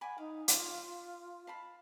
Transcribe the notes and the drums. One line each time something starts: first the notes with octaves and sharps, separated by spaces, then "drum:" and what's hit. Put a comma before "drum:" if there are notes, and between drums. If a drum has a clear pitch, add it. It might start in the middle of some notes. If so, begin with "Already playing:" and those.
D5 F#5 G#5 B5
D#4 F5
F4 D5, drum: hi-hat
F5 A5 B5